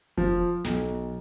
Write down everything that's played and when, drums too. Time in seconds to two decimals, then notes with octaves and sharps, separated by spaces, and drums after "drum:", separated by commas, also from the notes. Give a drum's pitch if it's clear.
0.17 F3, drum: kick F1
0.64 B1, drum: snare